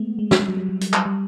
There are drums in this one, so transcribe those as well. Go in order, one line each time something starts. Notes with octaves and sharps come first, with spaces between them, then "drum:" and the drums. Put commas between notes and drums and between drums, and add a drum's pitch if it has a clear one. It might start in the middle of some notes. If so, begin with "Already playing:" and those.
Already playing: G#3 A3 B3
G#3
G#3, drum: snare
G3
F#3
G3
F#3
G3, drum: hi-hat
G3, drum: clap
G3